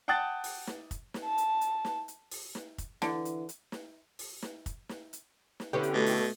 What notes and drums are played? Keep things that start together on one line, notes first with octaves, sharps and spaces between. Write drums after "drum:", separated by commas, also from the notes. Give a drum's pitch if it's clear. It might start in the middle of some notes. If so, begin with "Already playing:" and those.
F#5 G5 A5 D#6 F#6 A6
drum: open hi-hat
drum: snare
drum: kick, hi-hat
drum: snare
A5
drum: hi-hat
drum: hi-hat
drum: snare
drum: hi-hat
drum: open hi-hat
drum: snare
drum: kick, hi-hat
D3 E3, drum: snare
drum: hi-hat
drum: hi-hat
drum: snare
drum: open hi-hat
drum: snare
drum: kick, hi-hat
drum: snare
drum: hi-hat
drum: snare
D3 B3 C#4 E4 G4
drum: hi-hat
B2 A3
drum: open hi-hat